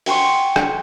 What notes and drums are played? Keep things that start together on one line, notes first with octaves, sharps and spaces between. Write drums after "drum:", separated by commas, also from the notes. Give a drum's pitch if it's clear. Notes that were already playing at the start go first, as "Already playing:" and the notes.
F#5 G5 C6 C#6, drum: open hi-hat
drum: rim click